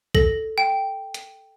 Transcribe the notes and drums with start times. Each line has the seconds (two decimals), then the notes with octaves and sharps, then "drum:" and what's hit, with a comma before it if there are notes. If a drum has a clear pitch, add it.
0.15 A4 A#6, drum: kick B1
0.58 G5
1.14 drum: hi-hat